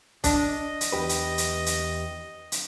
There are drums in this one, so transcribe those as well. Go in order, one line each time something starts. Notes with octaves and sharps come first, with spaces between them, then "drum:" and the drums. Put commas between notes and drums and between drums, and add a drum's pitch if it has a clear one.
D4 D#5, drum: kick, hi-hat
drum: hi-hat
E2 G4 B4
drum: hi-hat
drum: hi-hat
drum: hi-hat
drum: hi-hat